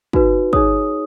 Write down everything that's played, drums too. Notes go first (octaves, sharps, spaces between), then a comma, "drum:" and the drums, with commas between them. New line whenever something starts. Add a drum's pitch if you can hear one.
D#4 F#4 B4, drum: kick
D#4 G#4 C#5 D#6, drum: kick